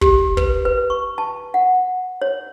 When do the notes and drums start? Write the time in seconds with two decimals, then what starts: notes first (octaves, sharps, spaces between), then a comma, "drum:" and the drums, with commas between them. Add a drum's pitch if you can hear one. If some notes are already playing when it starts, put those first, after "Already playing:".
0.01 G4, drum: kick
0.37 B4, drum: kick
0.65 B4
0.90 C#6
1.18 A5
1.54 F#5
2.22 C#5